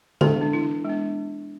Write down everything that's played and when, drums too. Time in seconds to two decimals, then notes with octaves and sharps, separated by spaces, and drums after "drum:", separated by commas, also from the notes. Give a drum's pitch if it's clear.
0.21 G#3 B3 D4 A4, drum: tom D3
0.41 D4
0.53 E3 E4
0.85 G#3 B3 D4